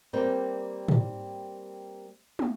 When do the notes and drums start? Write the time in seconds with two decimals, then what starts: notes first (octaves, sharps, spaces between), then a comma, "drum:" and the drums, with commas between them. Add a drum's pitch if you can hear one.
0.13 G3 A#3 C4 A#4 D5 G5
0.89 drum: tom
2.39 drum: tom